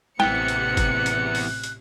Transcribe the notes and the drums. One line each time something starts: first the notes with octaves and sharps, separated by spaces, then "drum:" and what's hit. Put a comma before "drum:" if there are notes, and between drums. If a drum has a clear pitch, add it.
A1 C3 E3 B3 G5 F#6 C#7, drum: snare
drum: hi-hat
drum: kick, hi-hat
drum: hi-hat
drum: open hi-hat
drum: hi-hat